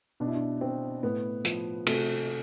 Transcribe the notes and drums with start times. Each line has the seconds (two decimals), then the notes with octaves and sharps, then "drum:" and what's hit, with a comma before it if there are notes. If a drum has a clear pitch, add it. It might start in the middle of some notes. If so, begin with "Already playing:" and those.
0.20 B2 D4
0.28 E4
0.35 D4
0.61 C4
1.03 A2 B3
1.45 F3, drum: hi-hat
1.86 C3 A3, drum: cymbal